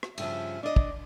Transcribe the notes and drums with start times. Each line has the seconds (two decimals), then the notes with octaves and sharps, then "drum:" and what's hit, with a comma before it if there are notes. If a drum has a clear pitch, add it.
0.03 drum: rim click
0.18 G2 C#3 F3 E5, drum: cymbal
0.63 D4 D5 D#5
0.76 drum: kick